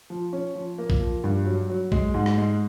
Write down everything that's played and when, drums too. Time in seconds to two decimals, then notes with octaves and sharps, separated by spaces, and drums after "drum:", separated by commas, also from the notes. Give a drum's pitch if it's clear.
0.10 F3
0.33 C#4
0.55 F3
0.78 A#3
0.90 drum: kick
1.01 F3
1.24 G2
1.46 F#3
1.70 F#3
1.92 G#3, drum: kick
2.14 G#2
2.26 drum: rim click
2.38 G#3